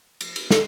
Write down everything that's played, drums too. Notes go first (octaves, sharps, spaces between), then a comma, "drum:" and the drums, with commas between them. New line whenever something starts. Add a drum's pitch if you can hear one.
drum: cymbal
drum: cymbal
A4, drum: snare